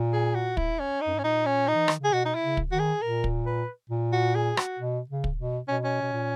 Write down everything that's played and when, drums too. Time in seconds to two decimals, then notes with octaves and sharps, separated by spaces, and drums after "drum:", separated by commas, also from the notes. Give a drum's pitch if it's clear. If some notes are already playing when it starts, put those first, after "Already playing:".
Already playing: A#2
0.13 G#4
0.35 F#4
0.57 E4, drum: kick
0.79 C#4
1.01 D#4
1.07 F#2
1.15 G#2 C#4
1.24 A#2 D#4
1.46 C#4
1.68 D#4
1.75 E3
1.88 D#3, drum: rim click
2.00 C#3 G#4
2.13 B2 F#4
2.25 D#4
2.35 E4
2.42 C#3
2.57 drum: kick
2.72 D#3 F#4
2.79 G#4
3.02 A#2 A#4
3.24 drum: kick
3.46 B4
3.90 A#2
4.13 F#4
4.35 G#4
4.57 F#4, drum: rim click
4.80 B2
5.10 C#3
5.24 drum: kick
5.38 B2
5.68 B2 C#4
5.85 C#4
6.02 B2
6.13 A#2